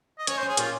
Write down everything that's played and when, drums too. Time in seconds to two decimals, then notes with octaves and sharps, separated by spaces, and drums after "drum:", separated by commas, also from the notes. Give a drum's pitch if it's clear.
0.19 D#5
0.27 C#4 C#5, drum: hi-hat
0.38 C#4 C5
0.49 G#4
0.57 A#2 F4, drum: hi-hat